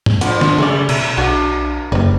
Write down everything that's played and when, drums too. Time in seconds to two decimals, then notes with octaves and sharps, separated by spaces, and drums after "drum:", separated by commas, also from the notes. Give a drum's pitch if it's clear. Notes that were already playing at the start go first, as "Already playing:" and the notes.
0.06 drum: tom G#2
0.21 A#2 F3 D4 F4 F#5, drum: hi-hat
0.41 drum: snare
0.58 F#2 C#3 G3 A3 G#4 D5
0.89 B2 E5, drum: cymbal
1.17 B1 D4 F#4 D5 F5
1.92 F#1 G3 B4